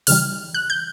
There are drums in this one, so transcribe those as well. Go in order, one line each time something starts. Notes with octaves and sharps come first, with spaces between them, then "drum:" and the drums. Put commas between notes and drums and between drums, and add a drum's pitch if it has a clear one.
C#3 E3 G3 F6, drum: open hi-hat
F#6
G6